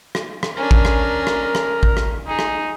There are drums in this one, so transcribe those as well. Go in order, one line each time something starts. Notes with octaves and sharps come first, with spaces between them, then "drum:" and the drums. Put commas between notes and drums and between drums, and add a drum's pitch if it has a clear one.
drum: rim click
drum: rim click
C#4 D4 A#4
drum: kick A1
drum: rim click
drum: rim click
drum: rim click
drum: kick A1
drum: rim click
D#4 G#4
drum: rim click